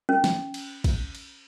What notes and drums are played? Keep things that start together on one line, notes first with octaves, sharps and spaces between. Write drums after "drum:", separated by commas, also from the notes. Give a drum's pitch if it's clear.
C#4
drum: snare
drum: cymbal
drum: kick, cymbal
drum: cymbal